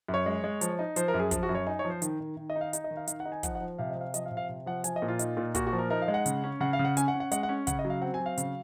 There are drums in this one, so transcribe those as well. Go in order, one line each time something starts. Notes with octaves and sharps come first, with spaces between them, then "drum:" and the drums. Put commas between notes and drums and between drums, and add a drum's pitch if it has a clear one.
F#2
C#5
G#3
G#3
F3, drum: hi-hat
D#4
F3 C5, drum: hi-hat
A#4
F#2
G#4
F3, drum: kick, hi-hat
F#4
F#2
C#5
D#4 G#5
C#5
F3
C5
D#3, drum: hi-hat
D#3
D#3
D#5
D#4
F5
D#4, drum: hi-hat
D#5
D#3
F5
D#3 F5, drum: hi-hat
F#5
D#4
G#5
F3 F#5, drum: kick, hi-hat
F#5
F3
C3 F5
D#5
C3 F5
F3 D#5, drum: hi-hat
F5
C3
F5
C3
F3 F#5
F3 G#5, drum: hi-hat
D#5
A#2
F4
D#4, drum: hi-hat
A#2
A#2 F#4, drum: kick, hi-hat
F#4
F3
A#4
D#4 A#4
F5
G#3
F#5
C#3, drum: hi-hat
C#4
C#3 F#5
F5
C#3
F#5
C#4 G#5, drum: hi-hat
F#5
C#4
F#5
G#3 F#5, drum: hi-hat
F#5
C#4
C#3 F#5, drum: kick, hi-hat
D#5
F#3
F5
C4 F#5
G#5
F#3
F5
C#3, drum: hi-hat